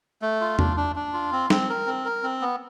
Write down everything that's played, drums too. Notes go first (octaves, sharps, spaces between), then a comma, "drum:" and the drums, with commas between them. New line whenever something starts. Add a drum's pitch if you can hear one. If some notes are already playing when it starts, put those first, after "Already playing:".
A3
F4
D4, drum: tom E2
D4
D4
F4
C4
C4, drum: snare
A#4
C4
A#4
C4
B3